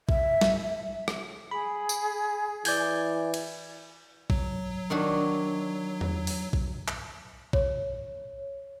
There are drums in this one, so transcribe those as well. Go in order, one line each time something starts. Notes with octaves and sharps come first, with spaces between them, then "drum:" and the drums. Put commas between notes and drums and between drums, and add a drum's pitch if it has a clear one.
E5, drum: kick
drum: snare
drum: rim click
G#4 B5
drum: tambourine
E3 D5 G6 G#6, drum: open hi-hat
drum: cymbal
F#3, drum: kick
D#3 D4 F#4
drum: tom E2
drum: open hi-hat
drum: kick
drum: clap
C#5, drum: kick